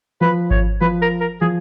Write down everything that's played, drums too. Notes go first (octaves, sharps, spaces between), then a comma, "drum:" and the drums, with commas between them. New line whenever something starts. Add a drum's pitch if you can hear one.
F3 B4
C#5, drum: kick G#1
F3 B4
A#4
A#4
F3 G#4